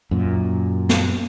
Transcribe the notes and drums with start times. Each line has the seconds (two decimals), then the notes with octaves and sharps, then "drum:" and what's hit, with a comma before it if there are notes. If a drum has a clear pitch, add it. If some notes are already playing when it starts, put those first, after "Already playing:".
0.11 F#2 A#2
0.89 drum: snare